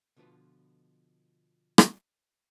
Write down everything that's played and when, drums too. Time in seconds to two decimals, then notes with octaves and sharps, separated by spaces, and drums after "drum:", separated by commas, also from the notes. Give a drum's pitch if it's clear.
0.17 B2 D3 F3 F4 B4
1.78 drum: rim click